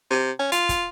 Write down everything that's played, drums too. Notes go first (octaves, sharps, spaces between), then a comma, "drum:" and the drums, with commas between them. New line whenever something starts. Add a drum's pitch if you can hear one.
C3
C#4
F4, drum: hi-hat
drum: kick, hi-hat